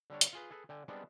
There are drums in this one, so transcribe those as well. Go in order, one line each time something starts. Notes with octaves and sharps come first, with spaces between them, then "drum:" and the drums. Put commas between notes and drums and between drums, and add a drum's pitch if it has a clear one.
D3 G3 D4 C#5
drum: hi-hat
F4 G#4 B4
G#4 A4 B4
D3 G5 G#5
G3 G#3 B3 C4 D4